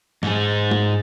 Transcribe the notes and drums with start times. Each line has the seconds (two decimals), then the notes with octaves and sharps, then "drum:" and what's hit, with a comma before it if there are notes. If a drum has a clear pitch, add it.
0.23 G#2 G#4, drum: snare
0.71 drum: tom